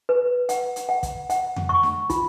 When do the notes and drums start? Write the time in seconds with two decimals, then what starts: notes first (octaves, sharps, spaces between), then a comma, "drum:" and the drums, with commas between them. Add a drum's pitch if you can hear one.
0.09 B4
0.49 F#5, drum: hi-hat
0.76 drum: hi-hat
0.89 F#5
1.03 drum: kick, hi-hat
1.30 F#5, drum: hi-hat
1.56 drum: tom F2
1.69 C#6
1.83 drum: snare
2.10 F4, drum: kick, hi-hat